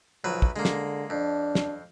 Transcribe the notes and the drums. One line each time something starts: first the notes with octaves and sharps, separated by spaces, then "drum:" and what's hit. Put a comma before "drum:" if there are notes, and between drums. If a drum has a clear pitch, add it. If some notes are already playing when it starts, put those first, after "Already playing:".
B1 F3 F#3 B4
drum: kick
D3 G#3 A#3
drum: snare
F2 D4
drum: snare